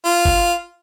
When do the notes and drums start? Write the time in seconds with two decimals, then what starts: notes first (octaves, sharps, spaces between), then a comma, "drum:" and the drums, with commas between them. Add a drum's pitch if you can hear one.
0.05 F4
0.25 drum: kick